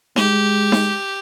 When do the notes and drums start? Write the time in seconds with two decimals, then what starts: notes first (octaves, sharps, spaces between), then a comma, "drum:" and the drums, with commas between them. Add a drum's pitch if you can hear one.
0.16 G#3 G4, drum: snare D#4
0.72 drum: snare D#4